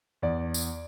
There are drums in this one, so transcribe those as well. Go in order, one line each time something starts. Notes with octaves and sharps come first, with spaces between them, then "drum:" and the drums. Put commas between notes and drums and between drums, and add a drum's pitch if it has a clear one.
E2 D5
drum: tambourine